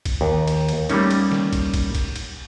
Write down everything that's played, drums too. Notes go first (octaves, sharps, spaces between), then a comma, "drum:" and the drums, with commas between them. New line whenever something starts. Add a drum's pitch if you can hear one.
drum: kick, cymbal
D#2
drum: cymbal
drum: cymbal
G3 A3 A#3 C#4 D#4, drum: cymbal
drum: cymbal
drum: snare
drum: kick, cymbal
drum: kick, cymbal
drum: kick, cymbal
drum: cymbal